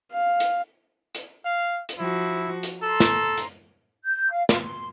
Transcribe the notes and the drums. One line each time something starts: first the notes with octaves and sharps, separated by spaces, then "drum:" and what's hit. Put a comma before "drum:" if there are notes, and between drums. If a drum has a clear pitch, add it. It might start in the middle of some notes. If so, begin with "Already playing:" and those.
F5
drum: hi-hat
drum: hi-hat
F5
drum: hi-hat
F3 E4 F#4
drum: hi-hat
A4 A#5 C6
drum: snare
drum: hi-hat
G6
F5
F4, drum: snare
C6